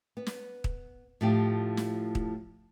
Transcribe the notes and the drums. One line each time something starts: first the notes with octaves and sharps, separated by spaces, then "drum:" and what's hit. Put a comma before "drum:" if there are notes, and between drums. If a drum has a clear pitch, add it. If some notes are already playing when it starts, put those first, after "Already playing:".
B3
drum: snare
drum: kick
A2 F3 G4
drum: snare
drum: kick